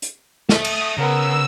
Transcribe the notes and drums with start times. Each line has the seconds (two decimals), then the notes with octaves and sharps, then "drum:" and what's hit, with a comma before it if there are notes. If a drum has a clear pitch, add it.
0.02 drum: hi-hat
0.49 A4 E5 D#6, drum: snare
0.64 drum: cymbal
0.98 C#3 B3 A#4 E6